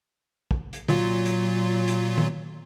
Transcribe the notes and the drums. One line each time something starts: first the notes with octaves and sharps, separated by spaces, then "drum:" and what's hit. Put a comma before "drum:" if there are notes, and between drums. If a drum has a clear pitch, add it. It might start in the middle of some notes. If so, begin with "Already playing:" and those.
drum: kick
drum: hi-hat
A#2 F#3 F4, drum: tom D3
drum: hi-hat
drum: hi-hat
drum: tom D#3